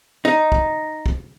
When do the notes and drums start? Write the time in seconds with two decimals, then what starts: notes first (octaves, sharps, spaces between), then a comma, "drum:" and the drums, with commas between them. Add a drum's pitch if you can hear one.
0.25 D#4
0.52 drum: kick
1.06 drum: kick